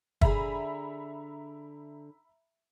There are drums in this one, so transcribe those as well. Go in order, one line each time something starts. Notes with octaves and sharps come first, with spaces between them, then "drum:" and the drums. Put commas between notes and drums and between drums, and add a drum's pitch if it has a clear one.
D3 D4 G#4 E5 A#5 B5, drum: kick